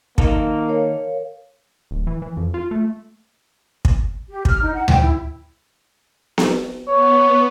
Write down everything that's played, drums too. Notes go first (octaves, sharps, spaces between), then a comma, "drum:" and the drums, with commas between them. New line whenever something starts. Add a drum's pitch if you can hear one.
D#3 A#3 D#4 A4, drum: kick
A#4 C#5 F5
D1
E3
E3
F2
F4
A3
drum: kick
G4
F6, drum: kick
D#4
F#5
G5, drum: tom D2
E4
drum: snare B3
B3 C#5